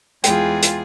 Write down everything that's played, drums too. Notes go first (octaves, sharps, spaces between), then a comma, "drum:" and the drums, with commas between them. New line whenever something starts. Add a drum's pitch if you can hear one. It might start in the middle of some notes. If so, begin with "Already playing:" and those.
E2 G#3 F4 G#4 G5, drum: hi-hat
drum: hi-hat